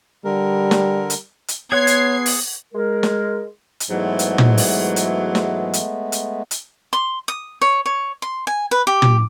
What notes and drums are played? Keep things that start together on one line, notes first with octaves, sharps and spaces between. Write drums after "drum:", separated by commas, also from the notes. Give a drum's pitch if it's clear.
D3 G3 A#4
drum: snare
drum: hi-hat
drum: hi-hat
B3 G#4 C#5 F#5 C6 G#6 C7
drum: hi-hat
drum: open hi-hat
G#3 A#4
drum: snare
drum: hi-hat
G#2 E3 F#3 G#3 A3 B3
drum: hi-hat
drum: tom
drum: open hi-hat
drum: hi-hat
drum: snare
drum: hi-hat
drum: hi-hat
drum: hi-hat
C6
D#6
C#5
C#5
C6
G#5
B4
G4
drum: tom